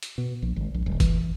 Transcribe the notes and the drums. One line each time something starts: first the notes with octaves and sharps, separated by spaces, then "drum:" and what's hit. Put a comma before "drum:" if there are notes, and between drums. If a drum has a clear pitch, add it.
drum: hi-hat
B2
A#1
G#1
A#1
D#1
E3, drum: kick, hi-hat